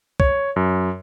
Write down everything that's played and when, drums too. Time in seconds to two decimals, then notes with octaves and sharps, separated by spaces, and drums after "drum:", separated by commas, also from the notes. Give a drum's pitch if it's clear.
0.20 C#5, drum: kick
0.56 F#2